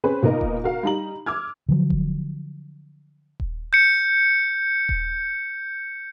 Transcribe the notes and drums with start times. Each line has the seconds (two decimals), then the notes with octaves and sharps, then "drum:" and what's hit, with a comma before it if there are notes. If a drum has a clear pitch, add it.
0.04 C4 C#4 G#4 B4 C5
0.23 A#2 B3 D#4 A#4 D#5
0.41 drum: kick D#1
0.64 F#4 A#4 F5
0.83 G3 D#4 A#5 F#7
1.26 D6 E6 F6 G#6
1.69 D3 F3 F#3
1.90 drum: kick D#1
3.40 drum: kick D#1
3.73 G6 C#7
4.89 drum: kick D#1